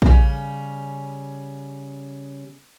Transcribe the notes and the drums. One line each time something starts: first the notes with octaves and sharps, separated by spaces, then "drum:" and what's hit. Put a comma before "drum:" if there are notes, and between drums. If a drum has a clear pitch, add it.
C#3 G3 C#4, drum: kick A#1